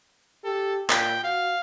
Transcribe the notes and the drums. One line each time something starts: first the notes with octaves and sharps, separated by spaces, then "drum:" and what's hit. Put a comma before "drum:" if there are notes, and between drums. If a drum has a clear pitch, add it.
G4 A4
A#2 G5, drum: clap
F#4 F5